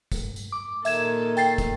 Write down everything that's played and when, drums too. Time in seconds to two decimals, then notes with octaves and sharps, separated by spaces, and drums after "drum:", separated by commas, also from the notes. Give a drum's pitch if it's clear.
0.12 drum: kick, tambourine
0.36 drum: tambourine
0.52 D6
0.85 A#2 D#3 A4 E5 G#6 E7, drum: tambourine
1.37 G5 A6 C7, drum: tambourine
1.58 drum: kick, tambourine